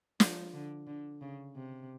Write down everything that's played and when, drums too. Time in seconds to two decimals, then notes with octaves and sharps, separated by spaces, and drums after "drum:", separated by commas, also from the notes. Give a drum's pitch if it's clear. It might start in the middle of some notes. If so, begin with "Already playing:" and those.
0.20 F3, drum: snare
0.53 D3
0.87 D3
1.21 C#3
1.55 C3